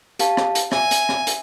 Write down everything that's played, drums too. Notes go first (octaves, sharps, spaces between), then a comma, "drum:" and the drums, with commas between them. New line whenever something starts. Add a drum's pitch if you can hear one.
G4 F5 A5, drum: hi-hat
drum: rim click
drum: hi-hat
E5 G#5, drum: rim click
drum: hi-hat
drum: rim click
drum: hi-hat